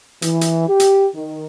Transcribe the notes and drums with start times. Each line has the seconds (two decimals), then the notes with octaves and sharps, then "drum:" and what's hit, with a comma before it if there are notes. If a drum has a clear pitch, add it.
0.22 E3, drum: hi-hat
0.41 drum: hi-hat
0.68 G4
0.80 drum: hi-hat
1.15 D#3